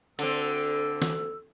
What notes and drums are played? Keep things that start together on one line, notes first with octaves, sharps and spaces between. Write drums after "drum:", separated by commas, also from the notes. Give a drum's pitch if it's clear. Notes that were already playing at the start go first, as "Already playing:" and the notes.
D2 D3 C4 A4 E6, drum: hi-hat
drum: snare